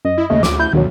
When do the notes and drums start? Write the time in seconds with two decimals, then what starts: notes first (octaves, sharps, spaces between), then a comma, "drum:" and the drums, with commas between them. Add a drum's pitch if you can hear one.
0.05 F#2 D#5
0.17 E4
0.30 D#2 C#3 A3
0.43 D2 D6, drum: snare
0.60 E4 G6
0.73 D2 G2 B2 D#3 F#3